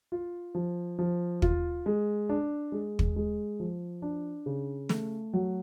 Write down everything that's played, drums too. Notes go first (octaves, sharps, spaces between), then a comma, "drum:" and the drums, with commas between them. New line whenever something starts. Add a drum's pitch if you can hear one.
F4
F3
F3
F4, drum: kick
G#3
D4
G#3
drum: kick
G#3
F3
D4
C#3
A3, drum: snare
F#3